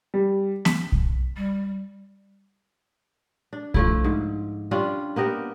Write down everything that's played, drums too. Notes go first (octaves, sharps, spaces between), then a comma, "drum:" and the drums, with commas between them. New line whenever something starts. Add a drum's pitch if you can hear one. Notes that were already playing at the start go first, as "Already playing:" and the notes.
G3
B6, drum: snare
drum: kick B1
G3
D4
F3 A3 E4, drum: kick B1
G#2
G3 C#4 D4 F4
A#3 B3 G4 A#4